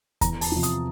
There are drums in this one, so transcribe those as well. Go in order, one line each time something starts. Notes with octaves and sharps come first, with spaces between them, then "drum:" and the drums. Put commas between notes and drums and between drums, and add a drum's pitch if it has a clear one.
E2 A#5, drum: kick E2, hi-hat
A5, drum: open hi-hat
C3 F3
D#6, drum: hi-hat